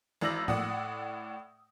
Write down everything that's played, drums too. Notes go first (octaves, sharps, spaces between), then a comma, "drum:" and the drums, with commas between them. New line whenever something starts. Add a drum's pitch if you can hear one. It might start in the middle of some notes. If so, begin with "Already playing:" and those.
G#1 E3 D5 E6 A#6 F#7
A2 D5 F#5 D#6, drum: tom